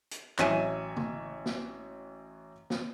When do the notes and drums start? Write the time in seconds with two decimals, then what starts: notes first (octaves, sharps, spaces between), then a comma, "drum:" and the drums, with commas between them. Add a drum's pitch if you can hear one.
0.11 drum: hi-hat
0.39 A1 F#3 C#5 E5 G#5 D#7, drum: clap
0.96 drum: tom
1.46 drum: snare
2.70 drum: snare